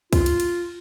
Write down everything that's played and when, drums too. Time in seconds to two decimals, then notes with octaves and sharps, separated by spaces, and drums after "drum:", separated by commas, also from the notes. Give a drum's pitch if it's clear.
0.13 F4, drum: kick, cymbal
0.26 drum: cymbal
0.40 drum: cymbal